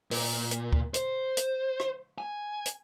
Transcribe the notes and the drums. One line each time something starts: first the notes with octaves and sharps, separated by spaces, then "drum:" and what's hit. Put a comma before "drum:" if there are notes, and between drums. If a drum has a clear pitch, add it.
A#2, drum: open hi-hat
drum: hi-hat
drum: kick D2
C5, drum: hi-hat
drum: hi-hat
drum: rim click
G#5
drum: hi-hat